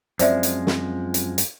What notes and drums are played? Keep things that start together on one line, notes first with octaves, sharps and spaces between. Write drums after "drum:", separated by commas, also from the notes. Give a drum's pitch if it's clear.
F#2 F3 G#3 C4 F4 C5 D5 E5, drum: hi-hat
drum: hi-hat
drum: snare
drum: hi-hat
drum: hi-hat